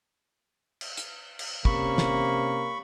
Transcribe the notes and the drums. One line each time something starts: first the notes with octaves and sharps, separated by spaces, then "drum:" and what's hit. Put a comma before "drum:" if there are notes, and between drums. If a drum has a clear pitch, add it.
drum: cymbal
drum: hi-hat
drum: cymbal
C3 A#3 C#4 B5 C#6, drum: kick
drum: snare